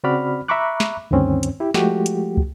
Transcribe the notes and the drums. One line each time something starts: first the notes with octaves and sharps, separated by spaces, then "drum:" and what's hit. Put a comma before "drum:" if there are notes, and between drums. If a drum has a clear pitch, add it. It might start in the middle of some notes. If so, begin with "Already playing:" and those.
C#3 C4 F#4 D5 B5 F6
E5 A#5 B5 C#6 D6 F#6
drum: snare
D2 G2 D#3 C4 C#4
drum: hi-hat
E4 G4
F3 G#3 A3 F#4 G4, drum: snare
drum: hi-hat
drum: kick